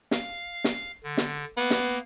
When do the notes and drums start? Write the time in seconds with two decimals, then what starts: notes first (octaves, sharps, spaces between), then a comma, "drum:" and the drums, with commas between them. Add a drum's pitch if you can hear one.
0.11 F5, drum: snare
0.64 drum: snare
1.03 D3
1.17 drum: snare
1.57 A#3 B3
1.71 drum: snare